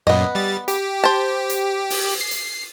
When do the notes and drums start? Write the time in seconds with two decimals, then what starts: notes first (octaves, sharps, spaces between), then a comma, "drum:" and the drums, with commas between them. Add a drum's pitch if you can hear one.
0.07 F#2 A#2 B3 D#5
0.35 G3 A6
0.68 G4, drum: hi-hat
1.04 C5 A5
1.49 drum: hi-hat
1.90 drum: open hi-hat
2.21 C7
2.31 drum: hi-hat